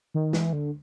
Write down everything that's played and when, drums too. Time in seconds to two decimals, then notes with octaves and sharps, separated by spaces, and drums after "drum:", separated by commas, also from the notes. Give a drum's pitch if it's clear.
0.14 D#3
0.33 E3, drum: snare
0.53 D3